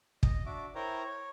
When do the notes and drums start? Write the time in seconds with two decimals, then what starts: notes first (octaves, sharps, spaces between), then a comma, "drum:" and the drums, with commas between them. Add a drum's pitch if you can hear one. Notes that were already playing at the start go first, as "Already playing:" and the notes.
0.23 D#5, drum: kick
0.46 D4 F#4 E5 D6
0.75 E4 A#4 C5 C#5 G5 A#5
1.04 C#5